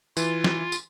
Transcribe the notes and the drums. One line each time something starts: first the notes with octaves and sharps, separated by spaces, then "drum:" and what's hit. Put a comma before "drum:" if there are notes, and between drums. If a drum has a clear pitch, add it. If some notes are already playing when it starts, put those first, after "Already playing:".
E3 F4, drum: tambourine
drum: snare
drum: tambourine